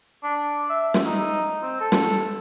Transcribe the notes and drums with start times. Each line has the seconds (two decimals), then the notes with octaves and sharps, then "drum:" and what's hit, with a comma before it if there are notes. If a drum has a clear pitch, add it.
0.23 D4
0.70 E5
0.94 drum: snare
1.06 D#4
1.62 C4
1.80 A4
1.92 drum: snare